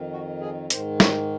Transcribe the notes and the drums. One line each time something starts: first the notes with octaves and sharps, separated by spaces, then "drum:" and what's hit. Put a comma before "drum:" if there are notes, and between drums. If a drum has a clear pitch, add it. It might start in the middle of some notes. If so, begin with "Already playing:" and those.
Already playing: F2 D#3
F#4
G#4
G#2 D#3 C5, drum: hi-hat
C#5, drum: snare